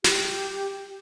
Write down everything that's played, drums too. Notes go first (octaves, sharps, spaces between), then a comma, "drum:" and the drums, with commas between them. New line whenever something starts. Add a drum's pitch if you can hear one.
G4, drum: snare